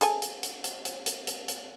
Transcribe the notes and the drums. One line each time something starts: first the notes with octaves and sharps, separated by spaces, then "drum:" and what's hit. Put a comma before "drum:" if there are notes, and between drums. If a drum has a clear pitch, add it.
G#4 A4 G#5, drum: hi-hat
drum: hi-hat
drum: hi-hat
drum: hi-hat
drum: hi-hat
drum: hi-hat
drum: hi-hat
drum: hi-hat